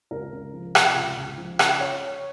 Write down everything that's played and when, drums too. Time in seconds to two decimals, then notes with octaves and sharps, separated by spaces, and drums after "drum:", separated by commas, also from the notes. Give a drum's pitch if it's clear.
0.11 C#2 A#4
0.33 C#2
0.54 F3
0.75 C3, drum: rim click
0.96 C#2
1.17 C#2
1.38 F3
1.59 C#3, drum: rim click
1.80 C#5